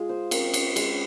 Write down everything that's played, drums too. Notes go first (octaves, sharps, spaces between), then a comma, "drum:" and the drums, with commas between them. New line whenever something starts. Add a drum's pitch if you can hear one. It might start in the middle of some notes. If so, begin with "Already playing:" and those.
Already playing: G#3 F4 G#4
C5
C4 A#4, drum: cymbal
drum: cymbal
G#3, drum: cymbal